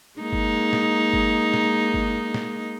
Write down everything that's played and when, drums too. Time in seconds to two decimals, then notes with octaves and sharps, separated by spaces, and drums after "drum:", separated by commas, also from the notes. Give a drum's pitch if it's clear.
0.19 G#3 A#3 D#4
0.33 drum: kick
0.73 drum: snare
1.13 drum: kick
1.54 drum: snare
1.94 drum: kick
2.34 drum: snare